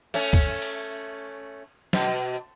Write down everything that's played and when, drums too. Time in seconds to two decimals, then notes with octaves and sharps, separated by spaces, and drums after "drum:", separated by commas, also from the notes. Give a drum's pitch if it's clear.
0.14 A3 C#4, drum: cymbal
0.33 drum: kick
0.62 drum: open hi-hat
1.93 B2, drum: snare